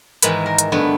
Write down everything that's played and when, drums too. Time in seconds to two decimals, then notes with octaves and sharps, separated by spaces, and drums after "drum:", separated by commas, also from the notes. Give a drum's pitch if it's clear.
0.23 G#2 D#3 E3 B5, drum: hi-hat
0.46 A#4
0.58 drum: hi-hat
0.72 G2 D3 A3 B3